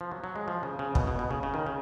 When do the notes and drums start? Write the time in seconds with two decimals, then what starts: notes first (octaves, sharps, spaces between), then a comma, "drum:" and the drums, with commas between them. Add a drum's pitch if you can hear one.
0.01 F3
0.11 F#3
0.24 F#3
0.36 G#3
0.48 F3
0.63 C#3
0.79 C#3
0.95 B2, drum: kick
1.07 B2
1.19 B2
1.31 C#3
1.43 C#3
1.54 D#3
1.67 C#3